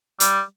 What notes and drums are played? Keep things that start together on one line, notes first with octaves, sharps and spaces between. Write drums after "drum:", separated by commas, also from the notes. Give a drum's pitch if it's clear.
G3, drum: hi-hat